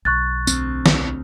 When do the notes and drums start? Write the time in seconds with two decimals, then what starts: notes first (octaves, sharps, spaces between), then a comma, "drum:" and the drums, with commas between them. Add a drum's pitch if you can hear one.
0.05 B1 C#6 F#6 A6
0.47 D2 C4, drum: tambourine
0.86 drum: snare